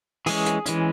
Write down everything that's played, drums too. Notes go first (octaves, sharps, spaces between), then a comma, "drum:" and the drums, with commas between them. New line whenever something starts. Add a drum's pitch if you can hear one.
E3 G#3 C#4 G#4, drum: open hi-hat
drum: hi-hat
E3 G#3 C#4, drum: hi-hat